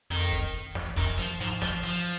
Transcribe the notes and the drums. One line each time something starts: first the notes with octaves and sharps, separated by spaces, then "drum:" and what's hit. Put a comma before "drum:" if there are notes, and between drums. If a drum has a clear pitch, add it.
F2 D#3
drum: kick
drum: snare
F#2 D#3, drum: kick
F3
G#2 F3
F3, drum: snare
F3